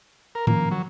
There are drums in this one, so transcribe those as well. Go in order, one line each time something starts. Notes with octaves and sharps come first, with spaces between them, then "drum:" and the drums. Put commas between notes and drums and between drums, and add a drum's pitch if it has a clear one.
A#4
D#3 F3 A#3 C#4, drum: tom G#2
F#3